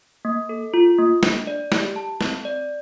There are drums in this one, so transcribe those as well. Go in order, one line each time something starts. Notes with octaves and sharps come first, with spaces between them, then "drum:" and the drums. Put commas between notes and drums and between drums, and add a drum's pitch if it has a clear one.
A#3
A4
F4
A#3
D4, drum: snare
D5
G4, drum: snare
A5
C4, drum: snare
D5